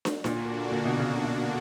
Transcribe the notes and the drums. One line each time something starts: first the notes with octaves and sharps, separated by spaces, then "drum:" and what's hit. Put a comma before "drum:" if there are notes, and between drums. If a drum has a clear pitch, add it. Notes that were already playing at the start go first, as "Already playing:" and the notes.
drum: snare
A#2 D3 A#3 D4 F#4, drum: snare
A#2
B2
C#3
B2